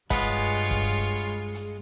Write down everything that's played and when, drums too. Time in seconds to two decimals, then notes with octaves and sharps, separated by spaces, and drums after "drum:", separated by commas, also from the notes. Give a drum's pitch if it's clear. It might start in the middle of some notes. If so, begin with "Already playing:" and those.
0.10 G2 G#3 B3 F4 C#5, drum: kick
0.71 drum: kick
1.54 drum: hi-hat